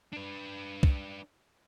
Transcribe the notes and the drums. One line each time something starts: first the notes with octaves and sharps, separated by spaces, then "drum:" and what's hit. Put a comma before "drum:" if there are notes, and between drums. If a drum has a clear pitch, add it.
D4 B4
drum: kick